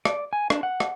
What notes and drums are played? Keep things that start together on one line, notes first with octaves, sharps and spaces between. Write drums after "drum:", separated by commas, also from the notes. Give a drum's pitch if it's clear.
D5, drum: rim click
G#5
D4, drum: rim click
F#5
drum: rim click